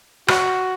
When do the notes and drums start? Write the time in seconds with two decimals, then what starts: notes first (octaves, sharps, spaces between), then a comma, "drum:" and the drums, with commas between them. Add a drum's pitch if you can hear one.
0.28 F#4, drum: rim click